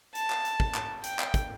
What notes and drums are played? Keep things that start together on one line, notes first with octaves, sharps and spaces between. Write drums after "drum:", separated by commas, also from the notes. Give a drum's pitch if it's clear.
A5, drum: hi-hat
drum: clap
drum: hi-hat
drum: kick
drum: clap
G5, drum: hi-hat
drum: clap
drum: kick, hi-hat